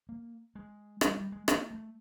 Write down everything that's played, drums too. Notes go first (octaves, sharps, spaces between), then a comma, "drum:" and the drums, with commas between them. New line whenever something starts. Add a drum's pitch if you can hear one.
A#3
G#3
G3, drum: rim click
G3
G#3
A#3, drum: rim click
A3